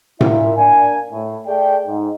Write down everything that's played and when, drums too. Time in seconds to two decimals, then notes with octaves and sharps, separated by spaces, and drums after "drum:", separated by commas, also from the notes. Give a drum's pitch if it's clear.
0.21 A#2 E4 E5, drum: tom A2
0.57 A#3 D4 D5 G#5
1.11 A2
1.46 A3 G#4 D5 G5
1.87 G#2